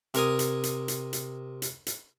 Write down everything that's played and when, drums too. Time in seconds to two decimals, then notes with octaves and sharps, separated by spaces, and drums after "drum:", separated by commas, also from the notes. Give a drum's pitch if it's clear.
0.14 C3 A#4 G#5 D#6, drum: hi-hat
0.39 drum: hi-hat
0.63 drum: hi-hat
0.88 drum: hi-hat
1.13 drum: hi-hat
1.62 drum: hi-hat
1.87 drum: hi-hat